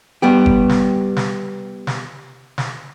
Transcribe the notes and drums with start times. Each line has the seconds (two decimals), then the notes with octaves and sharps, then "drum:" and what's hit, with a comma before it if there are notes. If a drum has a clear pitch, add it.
0.22 G3 B3 G4
0.46 drum: kick F#1
0.69 drum: snare
1.16 drum: snare
1.87 drum: snare
2.58 drum: snare